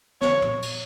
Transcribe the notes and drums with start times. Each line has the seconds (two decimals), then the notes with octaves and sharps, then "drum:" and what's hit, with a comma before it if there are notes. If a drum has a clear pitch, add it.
0.21 C#5, drum: snare
0.42 drum: tom
0.62 drum: cymbal